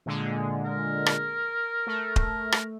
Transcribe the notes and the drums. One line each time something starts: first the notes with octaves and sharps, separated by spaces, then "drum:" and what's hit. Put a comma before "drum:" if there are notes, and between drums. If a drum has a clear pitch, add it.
A#2 D3 G#3
A#4
drum: rim click
A3
A#4, drum: kick D#1
drum: rim click